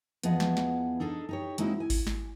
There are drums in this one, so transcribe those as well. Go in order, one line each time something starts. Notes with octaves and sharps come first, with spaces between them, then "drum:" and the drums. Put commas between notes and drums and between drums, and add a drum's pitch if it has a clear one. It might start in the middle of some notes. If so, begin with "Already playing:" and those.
E2 F3 B3 G#4 D#5 F#5, drum: hi-hat
drum: snare
drum: snare
D4 D#4 G#4 A4
D#4 G4 C#5
G#3 A#3 C4 D#4 E4 F#4, drum: hi-hat
G#5
drum: kick G#1, open hi-hat
drum: snare